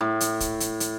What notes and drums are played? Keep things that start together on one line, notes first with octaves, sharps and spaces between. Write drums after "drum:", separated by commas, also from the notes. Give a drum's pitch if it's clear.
A2
drum: hi-hat
drum: kick, hi-hat
drum: hi-hat
drum: hi-hat